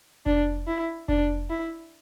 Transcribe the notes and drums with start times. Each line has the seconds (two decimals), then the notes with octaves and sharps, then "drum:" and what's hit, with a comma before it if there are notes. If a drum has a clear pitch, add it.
0.26 D4, drum: kick F1
0.67 E4
1.08 D4, drum: kick F1
1.50 E4